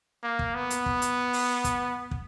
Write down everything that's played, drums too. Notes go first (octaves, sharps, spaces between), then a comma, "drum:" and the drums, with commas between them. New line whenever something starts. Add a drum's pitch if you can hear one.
A#3
drum: kick
B3
drum: hi-hat
drum: kick
drum: hi-hat
drum: open hi-hat
drum: kick, hi-hat
drum: kick